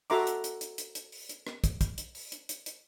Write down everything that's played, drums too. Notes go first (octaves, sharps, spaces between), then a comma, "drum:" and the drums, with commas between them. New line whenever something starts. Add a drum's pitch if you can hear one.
F#4 A4 E5 A#5 C6 D6, drum: open hi-hat
drum: hi-hat
drum: hi-hat
drum: hi-hat
drum: hi-hat
drum: hi-hat
drum: open hi-hat
drum: hi-hat
drum: rim click
drum: kick, hi-hat
drum: kick, hi-hat
drum: hi-hat
drum: open hi-hat
drum: hi-hat
drum: hi-hat
drum: hi-hat